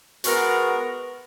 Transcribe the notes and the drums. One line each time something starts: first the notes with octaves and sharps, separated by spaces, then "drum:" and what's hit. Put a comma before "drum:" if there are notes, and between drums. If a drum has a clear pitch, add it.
G#3 B3 F#4 A#4, drum: hi-hat